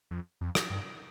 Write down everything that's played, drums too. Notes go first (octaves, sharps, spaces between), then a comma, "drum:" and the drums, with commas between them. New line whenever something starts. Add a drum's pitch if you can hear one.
F2
F2
drum: rim click
G2